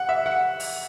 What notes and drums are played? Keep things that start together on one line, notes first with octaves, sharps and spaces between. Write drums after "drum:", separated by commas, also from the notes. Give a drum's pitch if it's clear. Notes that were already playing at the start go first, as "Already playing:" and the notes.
Already playing: F#5
E5
F#5
drum: open hi-hat